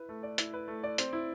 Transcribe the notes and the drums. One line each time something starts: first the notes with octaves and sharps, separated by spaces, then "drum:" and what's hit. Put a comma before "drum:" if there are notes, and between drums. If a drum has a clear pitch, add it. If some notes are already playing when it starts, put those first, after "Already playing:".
Already playing: E4 B4
A3
D5
E4, drum: hi-hat
B4
A3
D5
C4, drum: hi-hat
E4